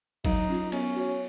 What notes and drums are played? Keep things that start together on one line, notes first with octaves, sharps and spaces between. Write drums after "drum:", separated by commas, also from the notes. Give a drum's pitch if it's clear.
F#3 D#4, drum: kick G1, cymbal
C#4 F4
B3 C#4, drum: cymbal
F#4 C#5